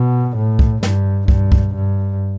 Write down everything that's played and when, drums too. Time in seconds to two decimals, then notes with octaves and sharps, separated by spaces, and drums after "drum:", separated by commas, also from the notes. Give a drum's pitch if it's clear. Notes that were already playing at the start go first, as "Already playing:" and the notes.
Already playing: B2
0.36 A2
0.59 drum: kick
0.83 G2, drum: snare
1.28 G2, drum: kick
1.52 drum: kick
1.75 G2